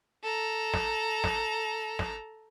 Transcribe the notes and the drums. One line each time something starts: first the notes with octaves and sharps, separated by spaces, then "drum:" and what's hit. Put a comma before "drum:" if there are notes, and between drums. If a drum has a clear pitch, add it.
A4 A#5
drum: snare
drum: snare
drum: snare